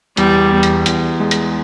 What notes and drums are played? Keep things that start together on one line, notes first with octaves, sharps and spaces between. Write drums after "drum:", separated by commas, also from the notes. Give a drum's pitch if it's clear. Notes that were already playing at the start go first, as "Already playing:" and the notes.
E2 G3, drum: hi-hat
E2
drum: hi-hat
E2, drum: hi-hat
G#3
drum: hi-hat